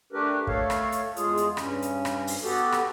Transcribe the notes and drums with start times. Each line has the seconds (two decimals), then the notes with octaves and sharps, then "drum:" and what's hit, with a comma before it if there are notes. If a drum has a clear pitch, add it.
0.12 A3 D4 G4 A#4 B4
0.47 A3 A4 C#5 F5, drum: kick
0.70 drum: rim click
0.92 drum: hi-hat
1.16 E2 G#3 F4 G#4, drum: hi-hat
1.37 drum: hi-hat
1.57 G2 C#4, drum: rim click
1.82 drum: hi-hat
2.05 drum: rim click
2.27 drum: open hi-hat
2.43 B3 F#4 G4 A4
2.72 drum: rim click